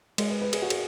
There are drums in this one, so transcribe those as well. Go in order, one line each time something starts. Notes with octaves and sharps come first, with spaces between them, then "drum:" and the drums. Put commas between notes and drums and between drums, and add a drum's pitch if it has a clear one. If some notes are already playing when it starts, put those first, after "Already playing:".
G#3 G#4, drum: cymbal
B4
B4
G#4, drum: cymbal
F#4
G#4, drum: cymbal